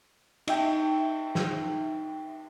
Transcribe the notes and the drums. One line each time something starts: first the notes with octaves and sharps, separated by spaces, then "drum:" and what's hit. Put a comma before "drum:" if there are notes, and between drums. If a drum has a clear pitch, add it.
D#4 E5 G5, drum: cymbal
drum: snare